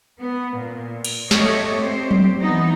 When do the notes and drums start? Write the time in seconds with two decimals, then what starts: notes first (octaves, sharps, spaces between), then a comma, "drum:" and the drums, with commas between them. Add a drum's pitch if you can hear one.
0.20 B3
0.56 A#2
1.04 drum: cymbal
1.31 A3 G4 C#5 D#5, drum: snare
1.79 C4 G4 C5
2.11 drum: tom F#3
2.41 E3 B3 D#4